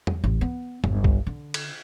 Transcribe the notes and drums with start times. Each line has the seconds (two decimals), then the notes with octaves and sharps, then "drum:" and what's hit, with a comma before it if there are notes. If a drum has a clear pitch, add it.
0.07 drum: tom E2
0.24 A1
0.41 B3
0.84 G1, drum: tom E2
1.04 drum: kick C2
1.27 D3
1.54 drum: cymbal